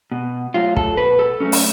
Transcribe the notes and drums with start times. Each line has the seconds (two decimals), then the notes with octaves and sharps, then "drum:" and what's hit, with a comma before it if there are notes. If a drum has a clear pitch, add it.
0.12 B2
0.54 F#3 A3 F4
0.77 A4, drum: kick
0.97 B2 B4
1.19 A4
1.40 F#3 A3 C#4
1.52 drum: open hi-hat